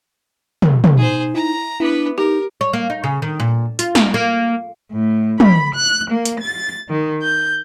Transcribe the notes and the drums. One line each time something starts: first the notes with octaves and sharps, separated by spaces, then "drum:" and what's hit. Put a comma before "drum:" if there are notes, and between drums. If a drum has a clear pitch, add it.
drum: tom
drum: tom
B2 D#4 G#4 C5
E4 A#5
B3 D4 E4 B4 D6
D#4 G4 A#4
C#5
A#3
D#4
C#3
D#3
A#2
F4, drum: hi-hat
A#4, drum: snare
A#3
A2
B5, drum: tom
F#6
A#3
drum: hi-hat
A6
D#3
G6